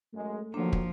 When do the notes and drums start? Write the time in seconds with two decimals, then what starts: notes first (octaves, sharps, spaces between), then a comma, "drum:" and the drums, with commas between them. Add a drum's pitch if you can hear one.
0.13 F#2 G#3 A3
0.54 D3 D#3 F3 F#3 A#3 D4
0.73 drum: kick